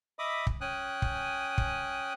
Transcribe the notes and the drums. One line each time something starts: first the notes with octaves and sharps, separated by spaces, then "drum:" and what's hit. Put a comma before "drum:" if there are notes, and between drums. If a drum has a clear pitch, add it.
D#5 E5 B5 D6 D#6
drum: kick
C#4 G5 G#5 D#6 F#6
drum: kick
drum: kick